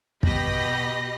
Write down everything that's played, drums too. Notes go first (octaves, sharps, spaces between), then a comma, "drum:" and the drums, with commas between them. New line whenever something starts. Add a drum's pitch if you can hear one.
B2 G4 D#5 B5 A#6, drum: kick